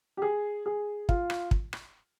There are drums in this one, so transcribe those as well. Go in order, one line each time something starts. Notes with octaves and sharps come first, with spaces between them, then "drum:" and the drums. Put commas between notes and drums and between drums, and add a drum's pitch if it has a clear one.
G4
G#4
G#4
F4, drum: kick
drum: rim click
drum: kick
drum: rim click